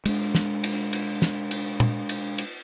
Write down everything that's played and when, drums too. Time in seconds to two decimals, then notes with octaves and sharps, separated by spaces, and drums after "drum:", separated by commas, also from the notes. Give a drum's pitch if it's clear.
0.05 G#3 D4, drum: cymbal
0.35 drum: snare
0.64 drum: cymbal
0.93 drum: cymbal
1.22 drum: snare
1.51 drum: cymbal
1.80 drum: tom
2.09 drum: cymbal
2.38 drum: cymbal